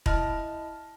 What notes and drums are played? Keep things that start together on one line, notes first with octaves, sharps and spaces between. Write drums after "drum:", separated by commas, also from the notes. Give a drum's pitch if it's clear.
E4 D#5 A5 F6, drum: kick E1